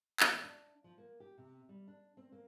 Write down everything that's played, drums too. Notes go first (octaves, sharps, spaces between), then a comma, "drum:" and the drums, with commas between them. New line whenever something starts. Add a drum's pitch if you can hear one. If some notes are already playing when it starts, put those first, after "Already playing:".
E2, drum: clap
D4
F3
A#3
G4
C3
G3
D4
C4
A#3